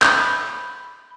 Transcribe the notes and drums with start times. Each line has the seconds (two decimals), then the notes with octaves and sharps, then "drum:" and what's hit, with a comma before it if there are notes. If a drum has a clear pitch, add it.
0.02 B5 G6, drum: clap